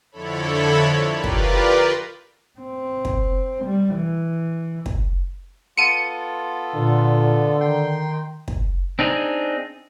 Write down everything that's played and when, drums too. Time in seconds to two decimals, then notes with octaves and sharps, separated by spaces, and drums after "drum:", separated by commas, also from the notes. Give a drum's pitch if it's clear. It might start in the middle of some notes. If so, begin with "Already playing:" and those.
0.11 F2 D3 E4 A4 C#5 B5
1.14 F4 G4 A#4 B4 D5
1.24 drum: kick
2.60 C4
3.05 drum: kick
3.65 G3
3.95 E3
4.86 drum: kick
5.78 B3 F4 A4 C#7 D#7
6.75 A#2 D3
7.61 D#3 G5 C6
8.48 drum: kick
8.99 C4 D4 D#4 G#4